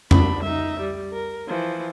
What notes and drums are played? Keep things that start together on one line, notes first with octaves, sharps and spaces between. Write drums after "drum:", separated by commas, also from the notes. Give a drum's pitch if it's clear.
D4 B5, drum: tom F2
D#4 E5
G3
A#4
E3 F3